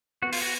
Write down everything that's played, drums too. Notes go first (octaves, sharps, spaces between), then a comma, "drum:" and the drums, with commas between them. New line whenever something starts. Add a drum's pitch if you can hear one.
B3 F#4
F4, drum: open hi-hat
F#4